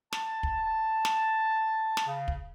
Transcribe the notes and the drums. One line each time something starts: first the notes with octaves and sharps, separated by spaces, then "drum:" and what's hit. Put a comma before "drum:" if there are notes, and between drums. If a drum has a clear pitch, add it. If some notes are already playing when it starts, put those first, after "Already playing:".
A5, drum: snare
drum: kick
drum: snare
drum: snare
C#3
drum: kick